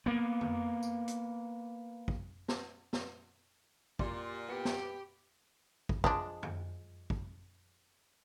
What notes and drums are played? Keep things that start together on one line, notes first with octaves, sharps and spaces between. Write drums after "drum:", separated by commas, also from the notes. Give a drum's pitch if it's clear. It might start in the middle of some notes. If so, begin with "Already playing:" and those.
A#3 B3
drum: tom
drum: tambourine
drum: hi-hat
drum: kick
drum: snare
drum: snare
A#2 G4 D5 C6, drum: kick
B3 G4 C#7
drum: snare
drum: kick
F3 G#3 D4, drum: kick
drum: tom
drum: kick